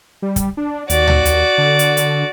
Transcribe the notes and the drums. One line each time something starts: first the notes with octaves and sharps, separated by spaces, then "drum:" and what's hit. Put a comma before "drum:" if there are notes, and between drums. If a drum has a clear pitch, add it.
G3
drum: kick, hi-hat
D4
D#2 F#4 D5, drum: hi-hat
drum: tom C#2
drum: hi-hat
D3
drum: hi-hat
drum: hi-hat